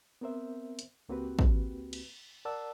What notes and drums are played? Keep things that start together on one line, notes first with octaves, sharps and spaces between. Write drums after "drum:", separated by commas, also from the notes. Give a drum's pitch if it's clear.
B3 C4 A#4 C5 E5
drum: hi-hat
C#2 A#3 C4 F#4 G4 B4
drum: kick
drum: cymbal
A#4 D5 F#5 A5 E6